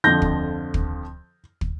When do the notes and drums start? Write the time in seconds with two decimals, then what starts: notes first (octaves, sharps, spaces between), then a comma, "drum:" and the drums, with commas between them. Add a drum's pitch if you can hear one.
0.04 F2 D3 F3 G6 A#6
0.22 drum: kick
0.74 drum: kick
1.61 drum: kick